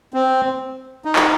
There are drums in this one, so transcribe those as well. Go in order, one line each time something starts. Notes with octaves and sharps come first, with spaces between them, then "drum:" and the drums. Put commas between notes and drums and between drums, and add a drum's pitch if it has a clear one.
C4
D#4
drum: clap